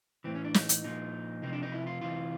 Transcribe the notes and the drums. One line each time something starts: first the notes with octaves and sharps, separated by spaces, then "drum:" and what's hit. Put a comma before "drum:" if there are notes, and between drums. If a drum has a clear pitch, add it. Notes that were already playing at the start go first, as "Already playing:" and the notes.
A2 E3 C4
C#4
D4
D#4, drum: snare
drum: hi-hat
A#2 F3 D#4
C3 F3 D#4
D4
D#4
E4
F4
C3 E3 F4